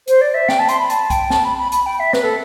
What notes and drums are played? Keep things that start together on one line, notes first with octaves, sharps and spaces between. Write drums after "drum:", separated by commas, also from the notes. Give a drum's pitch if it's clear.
C5, drum: hi-hat
D5
E5
G5, drum: snare
A5
C6, drum: hi-hat
B5
A5, drum: hi-hat
G5, drum: kick B1, hi-hat
A5, drum: snare
B5
B5
B5, drum: hi-hat
G5
E5
B4, drum: snare
A4